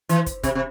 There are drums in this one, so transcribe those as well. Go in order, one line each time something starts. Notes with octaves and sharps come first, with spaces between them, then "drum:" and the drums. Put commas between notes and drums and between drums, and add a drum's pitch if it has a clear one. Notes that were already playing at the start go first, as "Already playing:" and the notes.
E3, drum: hi-hat
drum: kick, hi-hat
C3, drum: kick, hi-hat
C3